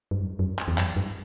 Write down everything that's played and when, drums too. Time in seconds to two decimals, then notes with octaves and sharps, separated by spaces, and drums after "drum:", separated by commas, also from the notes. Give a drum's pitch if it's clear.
0.11 G2
0.20 F#2
0.39 F#2
0.58 drum: clap
0.68 E2
0.78 F#2, drum: clap
0.96 G2